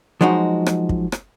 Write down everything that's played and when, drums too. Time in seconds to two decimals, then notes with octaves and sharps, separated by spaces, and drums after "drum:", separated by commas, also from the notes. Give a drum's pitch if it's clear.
0.21 F3 F#3 G#3 D#4 F#4
0.66 drum: rim click
0.89 drum: kick
1.12 drum: rim click